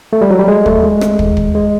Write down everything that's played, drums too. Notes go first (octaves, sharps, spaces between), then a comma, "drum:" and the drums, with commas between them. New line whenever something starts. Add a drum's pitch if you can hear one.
A3
G3
F#3
G3
G#3
A3, drum: kick
G#3
drum: rim click
drum: kick
drum: kick
G#3